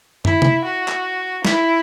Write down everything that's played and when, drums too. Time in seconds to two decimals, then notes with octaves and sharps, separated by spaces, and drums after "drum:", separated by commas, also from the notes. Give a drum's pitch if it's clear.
0.25 E4, drum: tom
0.42 drum: tom C3
0.65 F#4
0.88 drum: clap
1.45 E4, drum: snare